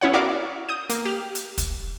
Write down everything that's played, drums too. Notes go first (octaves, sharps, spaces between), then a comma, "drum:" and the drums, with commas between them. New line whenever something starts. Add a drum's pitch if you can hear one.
B3 C#4 E4 C#5 F#5
E4 F#4 A#4 D5 F5 D6
D#6 G6 D#7
A#3, drum: hi-hat
G4 F6
drum: hi-hat
drum: kick, hi-hat